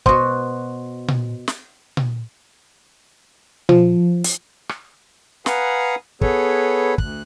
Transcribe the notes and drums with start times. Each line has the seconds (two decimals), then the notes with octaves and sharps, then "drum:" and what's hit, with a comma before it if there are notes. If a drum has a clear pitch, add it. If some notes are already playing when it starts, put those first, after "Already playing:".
0.06 B2 F#4 C5 C6, drum: kick
1.08 drum: tom A#2
1.48 drum: snare
1.97 drum: tom A#2
3.69 F3, drum: tom A#2
4.24 drum: hi-hat
4.69 drum: rim click
5.46 B4 F5 F#5 G#5 A#5 D#6, drum: snare
6.21 B3 G#4 A4 B4 C#5, drum: kick
6.98 D2 F#6, drum: kick